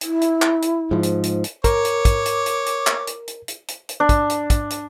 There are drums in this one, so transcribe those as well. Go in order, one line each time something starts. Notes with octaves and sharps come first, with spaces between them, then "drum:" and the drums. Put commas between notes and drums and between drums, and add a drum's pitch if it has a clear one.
E4, drum: hi-hat
drum: hi-hat
drum: clap
drum: hi-hat
G#2 F3
drum: hi-hat
drum: hi-hat
drum: hi-hat
A#4 C#5 D6, drum: kick, hi-hat
drum: hi-hat
drum: kick, hi-hat
drum: hi-hat
drum: hi-hat
drum: hi-hat
drum: clap
drum: hi-hat
drum: hi-hat
drum: hi-hat
drum: hi-hat
drum: hi-hat
D4
drum: kick, hi-hat
drum: hi-hat
drum: kick, hi-hat
drum: hi-hat